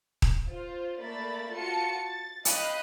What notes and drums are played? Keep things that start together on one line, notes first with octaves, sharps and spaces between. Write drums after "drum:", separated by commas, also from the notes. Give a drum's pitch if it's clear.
drum: kick D#1
F4 C5
A3 A#3 D5 E5 B5 A6
F4 F#4 A5 C#7
A6
D#5 F5 G5 B5 D#6 F#6, drum: hi-hat